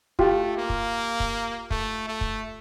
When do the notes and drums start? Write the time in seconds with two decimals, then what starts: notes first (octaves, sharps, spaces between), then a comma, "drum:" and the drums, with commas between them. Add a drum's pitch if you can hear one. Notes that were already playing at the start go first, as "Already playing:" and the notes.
0.19 A3 F4 G4, drum: kick
0.57 A#3
0.70 drum: kick
1.20 drum: kick
1.71 A3, drum: kick
2.08 A3
2.21 drum: kick